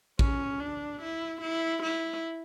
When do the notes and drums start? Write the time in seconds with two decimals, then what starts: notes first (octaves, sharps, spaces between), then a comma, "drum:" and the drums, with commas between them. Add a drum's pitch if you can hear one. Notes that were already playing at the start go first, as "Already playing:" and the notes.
0.19 C#4, drum: kick A#1
0.60 D4
1.01 E4
1.41 E4
1.82 E4